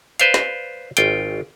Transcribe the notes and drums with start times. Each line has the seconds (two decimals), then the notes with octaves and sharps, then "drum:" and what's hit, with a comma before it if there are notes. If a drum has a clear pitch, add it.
0.20 B4 C5 D5 F5, drum: hi-hat
0.34 drum: snare
0.97 G#1 F4 G5, drum: hi-hat